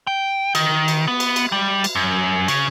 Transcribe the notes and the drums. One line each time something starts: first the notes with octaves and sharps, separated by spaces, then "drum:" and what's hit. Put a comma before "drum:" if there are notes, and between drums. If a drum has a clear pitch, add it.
G5
D#3, drum: cymbal
drum: cymbal
B3
drum: cymbal
drum: cymbal
G3
drum: cymbal
F#2
C#3, drum: cymbal